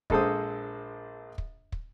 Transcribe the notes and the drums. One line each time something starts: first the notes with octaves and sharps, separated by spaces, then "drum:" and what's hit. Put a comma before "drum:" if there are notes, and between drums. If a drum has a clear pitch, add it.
A#1 G#3 A4 C5 D#6, drum: kick
drum: kick
drum: kick